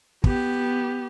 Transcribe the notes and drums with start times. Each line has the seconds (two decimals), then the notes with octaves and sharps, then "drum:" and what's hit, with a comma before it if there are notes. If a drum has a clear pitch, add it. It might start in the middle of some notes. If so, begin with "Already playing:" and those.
0.24 B3 G4, drum: kick